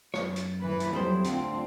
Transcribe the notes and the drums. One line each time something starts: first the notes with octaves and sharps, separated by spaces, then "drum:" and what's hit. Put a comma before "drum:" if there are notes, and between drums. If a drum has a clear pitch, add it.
F#2 C#5, drum: snare
drum: hi-hat
E3 B4
drum: hi-hat
F2 F#3 G3 E4 C5
D2 D3 C4 D4 F4, drum: hi-hat